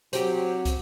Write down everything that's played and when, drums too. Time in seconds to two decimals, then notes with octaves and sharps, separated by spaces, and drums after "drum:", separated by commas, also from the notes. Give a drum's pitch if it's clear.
0.13 F#3 C4 G4, drum: hi-hat
0.65 drum: kick, hi-hat